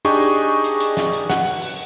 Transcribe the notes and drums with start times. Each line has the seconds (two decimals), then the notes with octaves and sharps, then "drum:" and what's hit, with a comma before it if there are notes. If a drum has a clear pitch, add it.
0.05 D4 D#4 G4 G#4 D#5 C#6
0.64 drum: hi-hat
0.81 drum: hi-hat
0.97 drum: snare
1.13 drum: hi-hat
1.30 F#5, drum: snare
1.46 drum: open hi-hat
1.62 drum: open hi-hat